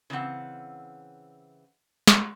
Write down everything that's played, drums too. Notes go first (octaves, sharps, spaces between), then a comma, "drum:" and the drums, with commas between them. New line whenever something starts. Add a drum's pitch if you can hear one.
C#3 E3 A#3 C4 F#5
drum: snare